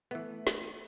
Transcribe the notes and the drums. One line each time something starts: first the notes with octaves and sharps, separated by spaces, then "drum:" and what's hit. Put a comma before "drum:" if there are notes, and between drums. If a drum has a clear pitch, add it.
E3 A3 B3
drum: snare